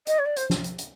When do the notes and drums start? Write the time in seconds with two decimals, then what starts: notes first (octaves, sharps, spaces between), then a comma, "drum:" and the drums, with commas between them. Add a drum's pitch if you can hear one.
0.07 D#5, drum: hi-hat
0.19 C#5
0.25 D5
0.36 C5, drum: hi-hat
0.50 drum: snare
0.64 drum: hi-hat
0.78 drum: hi-hat